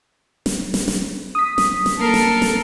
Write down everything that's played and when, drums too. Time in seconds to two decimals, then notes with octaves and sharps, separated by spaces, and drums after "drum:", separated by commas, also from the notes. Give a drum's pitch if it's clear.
0.46 drum: snare
0.74 drum: snare
0.88 drum: snare
1.35 D#6 B6
1.58 drum: snare
1.86 drum: snare
2.00 A#3 A4 A#4 C7
2.14 drum: snare
2.42 drum: snare